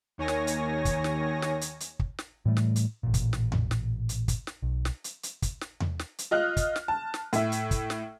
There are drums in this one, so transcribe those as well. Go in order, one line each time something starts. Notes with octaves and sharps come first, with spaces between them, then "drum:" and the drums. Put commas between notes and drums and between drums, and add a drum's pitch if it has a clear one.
D#2 D#3 C#5 G#5 A#6
drum: snare
drum: hi-hat
drum: kick, hi-hat
drum: snare
drum: snare
drum: hi-hat
drum: hi-hat
drum: kick
drum: snare
A2 E3 G3 A3
drum: snare
drum: hi-hat
A1 A#2
drum: kick, hi-hat
drum: snare
drum: tom E2
drum: snare
drum: hi-hat
drum: kick, hi-hat
drum: snare
B1
drum: snare
drum: hi-hat
drum: hi-hat
drum: kick, hi-hat
drum: snare
drum: tom E2
drum: snare
drum: hi-hat
F4 D#5 F6 F#6
drum: kick, hi-hat
drum: snare
A5
drum: snare
A2 E5, drum: hi-hat
drum: hi-hat
drum: kick, hi-hat
drum: snare